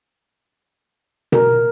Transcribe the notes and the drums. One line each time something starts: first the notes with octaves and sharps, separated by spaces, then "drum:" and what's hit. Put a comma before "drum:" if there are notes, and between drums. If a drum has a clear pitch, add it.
A#4, drum: tom B2